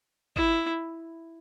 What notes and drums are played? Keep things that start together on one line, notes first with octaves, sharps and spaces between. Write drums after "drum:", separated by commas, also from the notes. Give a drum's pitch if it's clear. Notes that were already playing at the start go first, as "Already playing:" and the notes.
E4, drum: kick